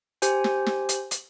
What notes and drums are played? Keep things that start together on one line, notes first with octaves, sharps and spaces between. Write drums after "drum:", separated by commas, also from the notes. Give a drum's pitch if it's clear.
G4 C5 G#5, drum: hi-hat
drum: snare
drum: snare
drum: hi-hat
drum: hi-hat